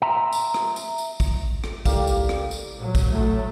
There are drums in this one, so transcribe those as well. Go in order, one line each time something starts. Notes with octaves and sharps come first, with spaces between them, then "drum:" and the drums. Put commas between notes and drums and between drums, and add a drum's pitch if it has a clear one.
E5 A#5 C6
drum: tambourine
drum: rim click
drum: tambourine
drum: tambourine
drum: kick, tambourine
drum: rim click
C#2 A#3 E4 G4 A4 D5 F5, drum: kick, tambourine
drum: tambourine
drum: rim click
drum: tambourine
A#2 F#3
drum: kick, tambourine
A2 F#3 A3